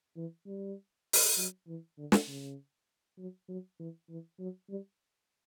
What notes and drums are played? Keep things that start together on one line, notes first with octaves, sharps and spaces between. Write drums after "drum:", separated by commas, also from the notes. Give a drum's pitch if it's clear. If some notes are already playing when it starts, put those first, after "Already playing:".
E3
G3
drum: open hi-hat
F#3
E3
D3
drum: snare
C#3
F#3
F#3
E3
E3
F#3
G3